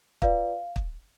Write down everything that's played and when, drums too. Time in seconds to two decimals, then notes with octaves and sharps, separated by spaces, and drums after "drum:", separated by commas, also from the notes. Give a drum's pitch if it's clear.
0.22 F4 B4 D5 F5, drum: kick
0.76 drum: kick